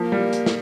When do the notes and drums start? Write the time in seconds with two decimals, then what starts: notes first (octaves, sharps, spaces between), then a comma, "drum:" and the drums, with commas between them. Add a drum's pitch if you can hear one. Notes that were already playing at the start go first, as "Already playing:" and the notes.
Already playing: F3 A#3
0.12 G3
0.33 drum: hi-hat
0.46 drum: snare